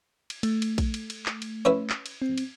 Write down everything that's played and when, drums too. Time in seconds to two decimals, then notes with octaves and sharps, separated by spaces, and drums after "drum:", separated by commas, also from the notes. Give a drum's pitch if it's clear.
0.30 drum: cymbal
0.43 A3, drum: cymbal
0.62 drum: cymbal
0.78 drum: kick A#1, cymbal
0.94 drum: cymbal
1.10 drum: cymbal
1.26 drum: clap
1.42 drum: cymbal
1.65 C#4 E4 B4
1.90 drum: clap
2.06 drum: cymbal
2.22 C4
2.38 drum: cymbal